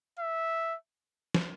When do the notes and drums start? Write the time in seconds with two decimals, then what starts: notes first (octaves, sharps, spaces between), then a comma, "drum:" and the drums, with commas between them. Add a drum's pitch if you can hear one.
0.19 E5
1.34 drum: snare